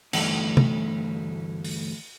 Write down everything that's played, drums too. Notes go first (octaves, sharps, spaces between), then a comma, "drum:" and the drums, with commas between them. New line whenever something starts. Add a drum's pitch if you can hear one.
D2 G2 E3 A3 E4, drum: cymbal
drum: tom
drum: open hi-hat